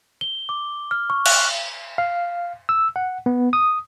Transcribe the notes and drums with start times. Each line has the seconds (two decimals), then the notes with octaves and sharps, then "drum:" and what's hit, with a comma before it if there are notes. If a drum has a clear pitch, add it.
0.21 G7
0.49 D6
0.91 F6
1.10 C#6
1.26 F#6, drum: cymbal
1.98 F5
2.69 E6
2.96 F#5
3.26 B3
3.53 D#6